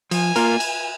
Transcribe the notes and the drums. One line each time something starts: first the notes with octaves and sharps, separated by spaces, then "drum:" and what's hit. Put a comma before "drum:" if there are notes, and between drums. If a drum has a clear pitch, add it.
F3 G#5, drum: cymbal
A#3 F4 A#4, drum: cymbal
drum: cymbal